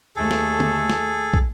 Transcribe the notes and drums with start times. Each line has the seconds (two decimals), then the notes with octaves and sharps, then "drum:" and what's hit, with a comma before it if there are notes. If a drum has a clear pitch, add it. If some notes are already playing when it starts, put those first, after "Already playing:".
0.16 D#2 A3 G#4 A4
0.31 drum: snare
0.60 drum: tom
0.90 drum: snare
1.34 drum: kick